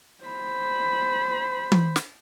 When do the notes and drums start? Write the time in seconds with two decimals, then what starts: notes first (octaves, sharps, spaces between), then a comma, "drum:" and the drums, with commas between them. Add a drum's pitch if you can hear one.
0.24 C5 B5
1.72 drum: tom
1.96 drum: snare